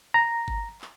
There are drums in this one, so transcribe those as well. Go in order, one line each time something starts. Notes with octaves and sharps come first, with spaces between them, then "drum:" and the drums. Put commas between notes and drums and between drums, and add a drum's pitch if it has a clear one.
A#5
drum: kick G1
drum: clap